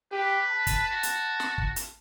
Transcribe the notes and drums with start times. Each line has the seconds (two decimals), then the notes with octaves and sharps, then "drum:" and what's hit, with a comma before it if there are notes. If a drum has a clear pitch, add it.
0.12 G4 B4
0.48 A5
0.67 drum: kick, hi-hat
0.91 F#4
1.03 drum: hi-hat
1.40 drum: snare
1.58 drum: kick
1.76 drum: hi-hat